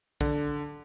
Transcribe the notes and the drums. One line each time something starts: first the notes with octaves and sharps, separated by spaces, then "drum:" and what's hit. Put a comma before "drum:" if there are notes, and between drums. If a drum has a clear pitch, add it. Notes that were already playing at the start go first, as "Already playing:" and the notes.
D3, drum: kick A#1